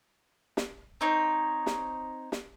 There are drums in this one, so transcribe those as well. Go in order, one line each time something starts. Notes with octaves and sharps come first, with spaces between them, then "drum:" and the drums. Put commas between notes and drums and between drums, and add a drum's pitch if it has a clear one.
drum: snare
C4 D#4 C#5
drum: snare
drum: snare